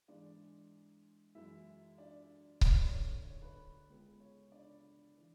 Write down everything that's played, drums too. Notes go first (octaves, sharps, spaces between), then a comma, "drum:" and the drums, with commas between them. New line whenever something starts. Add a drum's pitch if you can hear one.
G#2 E3 G#3 D4 D5
F#2 E3 G#3 E4 E5
D4 D5
F#2 D3 A3 C#5, drum: kick C#1
D5
C#5
C#5
B4
C#2 C#3 G#3 B3
C#5
D4 D5
E3